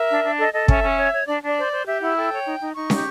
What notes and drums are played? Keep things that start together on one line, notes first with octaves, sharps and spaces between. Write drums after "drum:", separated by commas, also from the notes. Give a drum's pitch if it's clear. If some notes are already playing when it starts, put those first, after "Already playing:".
Already playing: A#4 E5
D4
D4
A4 D#5
A4 D#5
C#4 E5, drum: kick
C#4
C#5
C#5
D4 D5
D4 D5
C5
C5
G4 E5
E4 F#5
A4 G5
C#5
D#4
D#4
D#4 C#6
G4, drum: snare